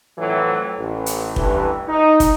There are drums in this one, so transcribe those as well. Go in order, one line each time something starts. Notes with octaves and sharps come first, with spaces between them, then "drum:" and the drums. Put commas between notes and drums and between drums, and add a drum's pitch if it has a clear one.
F2 A2 E3 F#3 A3
A1
drum: hi-hat
A1 G2 E3, drum: kick
D#4
drum: kick, hi-hat